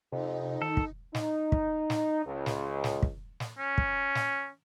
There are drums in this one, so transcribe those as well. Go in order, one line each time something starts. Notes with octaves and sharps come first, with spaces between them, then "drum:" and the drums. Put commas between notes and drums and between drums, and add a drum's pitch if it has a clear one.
F2 C3 D#4
D#3 A4
drum: kick
D#4, drum: snare
drum: kick
drum: snare
C#2
drum: snare
drum: snare
drum: kick
drum: snare
C#4
drum: kick
drum: snare